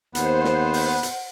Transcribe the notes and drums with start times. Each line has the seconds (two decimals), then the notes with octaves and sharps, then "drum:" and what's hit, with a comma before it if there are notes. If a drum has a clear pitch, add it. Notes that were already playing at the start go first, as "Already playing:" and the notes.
0.15 D#2 B3 C5 F#5, drum: hi-hat
0.44 drum: snare
0.74 drum: open hi-hat
1.03 drum: hi-hat